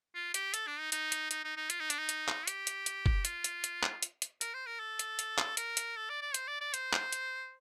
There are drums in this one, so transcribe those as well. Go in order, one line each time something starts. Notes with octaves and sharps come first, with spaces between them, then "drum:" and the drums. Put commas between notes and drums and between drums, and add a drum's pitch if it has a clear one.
F4
G4, drum: hi-hat
A4, drum: hi-hat
D4
D#4
D#4, drum: hi-hat
drum: hi-hat
D#4, drum: hi-hat
D#4
D#4
F4, drum: hi-hat
D#4
D4, drum: hi-hat
D#4
drum: hi-hat
drum: clap
G4, drum: hi-hat
drum: hi-hat
drum: hi-hat
drum: kick F#1
F4, drum: hi-hat
drum: hi-hat
drum: hi-hat
drum: clap
drum: hi-hat
drum: hi-hat
A#4, drum: hi-hat
C5
A#4
A4
drum: hi-hat
drum: hi-hat
drum: clap
A#4, drum: hi-hat
drum: hi-hat
A4
D5
D5
C5, drum: hi-hat
D5
D5
C5, drum: hi-hat
drum: clap
drum: hi-hat